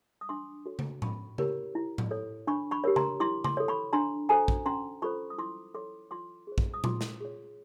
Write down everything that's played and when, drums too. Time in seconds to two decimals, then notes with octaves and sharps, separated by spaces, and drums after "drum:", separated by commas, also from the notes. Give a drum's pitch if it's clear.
0.21 D#6
0.29 D4 C6 D6
0.66 F#4 A4 C#5
0.79 drum: tom C#3
1.02 C#4 B5 C#6, drum: tom A2
1.38 E4 G4 A#4 C#5, drum: tom C#3
1.75 E4
1.98 drum: tom A2
2.11 A4 C#5
2.47 D4 B5 C#6
2.71 B5 C#6
2.84 G4 A#4 C#5
2.96 A#5 C6, drum: tom C#3
3.20 E4 C6 D6
3.44 C6 D6, drum: tom C#3
3.57 A4 C#5
3.68 B5 C#6
3.93 D4 A#5 C6
4.29 F#4 A4 C5 G#5 A#5
4.48 drum: kick
4.66 C#4 A#5 C6
5.02 F4 A4 C5 B5 C#6
5.30 D#6
5.38 E4 C6 D6
5.74 A4 C#5 C6 D6
6.11 F4 C6 D6
6.47 G#4 C5
6.58 drum: kick
6.74 D#6
6.84 F4 C6 D6, drum: tom A#2
7.01 drum: snare
7.20 G#4 C#5